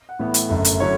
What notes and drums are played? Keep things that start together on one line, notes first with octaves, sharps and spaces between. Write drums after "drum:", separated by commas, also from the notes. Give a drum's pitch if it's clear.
F#5
A2 E3 B3
drum: hi-hat
F#1 F#2 D3 A3
drum: hi-hat
D3 F#3 C#4 E4 C#5